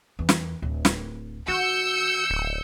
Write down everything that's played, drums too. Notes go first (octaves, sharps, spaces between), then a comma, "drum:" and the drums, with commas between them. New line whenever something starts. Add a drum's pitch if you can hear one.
E2
drum: snare
D1
drum: snare
D#3 F#4 E6 G6 C#7
D1